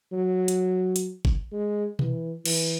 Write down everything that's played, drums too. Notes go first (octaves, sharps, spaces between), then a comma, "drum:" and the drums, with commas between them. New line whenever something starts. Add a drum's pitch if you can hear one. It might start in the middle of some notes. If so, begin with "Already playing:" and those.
F#3
drum: hi-hat
drum: hi-hat
drum: kick G1
G#3
E3, drum: tom B2
E3, drum: cymbal